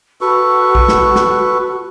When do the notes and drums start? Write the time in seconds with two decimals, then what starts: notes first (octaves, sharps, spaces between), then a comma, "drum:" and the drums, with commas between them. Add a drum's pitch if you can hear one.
0.21 F#4 A4 B4 C#6
0.75 drum: kick A#1
0.88 drum: snare
1.15 drum: snare